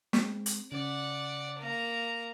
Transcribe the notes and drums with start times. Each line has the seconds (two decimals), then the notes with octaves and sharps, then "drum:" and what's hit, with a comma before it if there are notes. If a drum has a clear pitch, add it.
0.13 G#3 C4, drum: snare
0.46 drum: hi-hat
0.72 C#3 D5 F#5
1.59 A#3 A#5